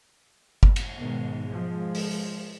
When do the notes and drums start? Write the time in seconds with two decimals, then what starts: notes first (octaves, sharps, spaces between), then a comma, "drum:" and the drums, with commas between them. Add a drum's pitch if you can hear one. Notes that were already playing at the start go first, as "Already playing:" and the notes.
0.63 drum: kick G1
0.76 drum: cymbal
0.98 G#2 B2 D#3
1.47 F3 G#3
1.95 drum: open hi-hat